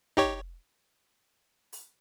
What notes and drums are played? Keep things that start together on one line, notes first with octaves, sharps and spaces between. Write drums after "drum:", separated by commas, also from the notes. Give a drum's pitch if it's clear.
D#4 G4 C#5, drum: kick
drum: open hi-hat